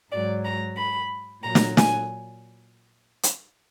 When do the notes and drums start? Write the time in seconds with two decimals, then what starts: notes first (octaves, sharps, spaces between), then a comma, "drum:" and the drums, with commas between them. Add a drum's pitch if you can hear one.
0.12 G#2 F#3 D5
0.45 A#5
0.78 B5
1.44 A#2 F#3 A#5
1.55 drum: snare
1.77 G#5, drum: snare
3.23 drum: hi-hat